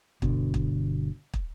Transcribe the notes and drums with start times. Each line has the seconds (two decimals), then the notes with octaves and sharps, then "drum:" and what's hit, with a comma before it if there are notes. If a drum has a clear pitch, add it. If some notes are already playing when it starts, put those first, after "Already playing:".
0.22 G1 B2 D3, drum: kick
0.54 drum: kick
1.34 drum: kick